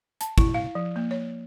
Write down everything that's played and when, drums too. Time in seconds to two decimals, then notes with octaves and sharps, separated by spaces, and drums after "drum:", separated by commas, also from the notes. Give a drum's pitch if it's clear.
0.21 A5, drum: hi-hat
0.38 E4, drum: kick
0.54 F5
0.75 F3
0.96 A#3
1.11 C#5